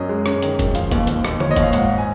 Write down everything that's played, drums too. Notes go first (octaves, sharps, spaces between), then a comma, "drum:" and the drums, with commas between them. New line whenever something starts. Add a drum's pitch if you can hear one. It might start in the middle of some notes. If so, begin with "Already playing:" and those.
Already playing: F#2 C#4 D#5
G#3
C#4, drum: rim click
D#3, drum: hi-hat
F#2, drum: kick F1, hi-hat
F3 F5, drum: hi-hat
D#2, drum: kick F1, hi-hat
D#2, drum: hi-hat
D#2, drum: rim click
F3 C#5, drum: tom
D#5
D#2, drum: kick F1, hi-hat
F5
G#2 F#5, drum: hi-hat
G#5